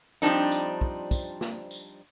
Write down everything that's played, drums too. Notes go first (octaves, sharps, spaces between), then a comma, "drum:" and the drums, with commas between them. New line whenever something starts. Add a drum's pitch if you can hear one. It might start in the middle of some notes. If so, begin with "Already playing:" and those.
F3 G3 C4 D4 D#4
drum: tambourine
drum: kick
drum: kick, tambourine
drum: snare
drum: tambourine